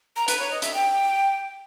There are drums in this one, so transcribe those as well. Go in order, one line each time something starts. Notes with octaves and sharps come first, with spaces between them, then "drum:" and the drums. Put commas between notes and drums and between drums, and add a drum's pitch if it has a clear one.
A#5
B4, drum: hi-hat
C#5
D#5
E5, drum: hi-hat
G5